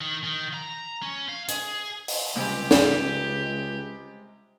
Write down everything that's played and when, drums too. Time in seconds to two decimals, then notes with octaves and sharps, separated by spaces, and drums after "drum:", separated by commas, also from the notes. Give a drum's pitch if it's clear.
0.01 D#3
0.23 D#3
0.54 A#5
1.02 C#4
1.29 F5
1.49 G#4, drum: hi-hat
2.08 drum: open hi-hat
2.35 C#2 C3 G3 G#3 G4
2.71 drum: snare